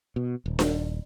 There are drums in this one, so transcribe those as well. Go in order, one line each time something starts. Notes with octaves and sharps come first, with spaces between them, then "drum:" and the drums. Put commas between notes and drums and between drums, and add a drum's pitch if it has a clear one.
B2
D#1
drum: snare D4